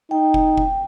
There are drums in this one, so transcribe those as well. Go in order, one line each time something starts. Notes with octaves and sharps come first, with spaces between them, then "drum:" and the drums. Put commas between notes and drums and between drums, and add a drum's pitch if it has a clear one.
D#4 G5
drum: kick F1
drum: kick F1